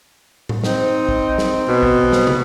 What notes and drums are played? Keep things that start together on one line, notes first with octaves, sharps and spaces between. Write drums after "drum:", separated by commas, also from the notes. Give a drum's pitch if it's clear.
drum: tom A2
C4 D#4, drum: snare
drum: kick
drum: snare
B2
drum: kick
drum: snare
drum: tom